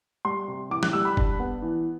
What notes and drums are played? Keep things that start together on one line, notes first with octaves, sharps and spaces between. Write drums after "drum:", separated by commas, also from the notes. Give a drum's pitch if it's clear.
G3 C6
C3
E3 D6
F#6, drum: snare
G3 E6
B5
D4, drum: kick F#1
B3
E3